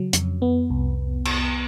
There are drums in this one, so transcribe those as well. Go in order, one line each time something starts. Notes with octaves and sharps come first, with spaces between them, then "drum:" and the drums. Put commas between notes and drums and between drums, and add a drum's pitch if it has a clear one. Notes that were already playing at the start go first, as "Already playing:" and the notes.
Already playing: C#3 F#3
F2, drum: hi-hat
B3
C2
drum: cymbal